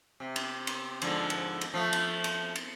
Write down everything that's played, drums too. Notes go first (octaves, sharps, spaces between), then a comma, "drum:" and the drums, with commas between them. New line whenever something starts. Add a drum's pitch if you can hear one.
C3
drum: cymbal
drum: cymbal
G#2 D3 F3, drum: cymbal
drum: cymbal
drum: cymbal
F3 A3
drum: cymbal
drum: cymbal
drum: cymbal